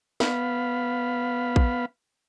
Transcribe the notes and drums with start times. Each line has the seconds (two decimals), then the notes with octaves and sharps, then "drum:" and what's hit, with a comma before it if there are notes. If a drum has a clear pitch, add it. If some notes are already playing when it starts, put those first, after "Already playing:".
0.20 B3 F5 B5, drum: snare
1.56 drum: kick A#1